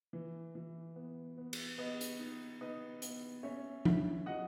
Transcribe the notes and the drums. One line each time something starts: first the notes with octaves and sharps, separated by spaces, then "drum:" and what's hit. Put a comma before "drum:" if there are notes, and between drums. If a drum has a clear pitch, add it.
E3
E3
B3
B3
drum: cymbal
B3 B4 D#5
drum: hi-hat
D#4
D#4 B4 D#5
B3, drum: hi-hat
C#4 C#5 E5
E4, drum: tom F3
F#3 D#5 F#5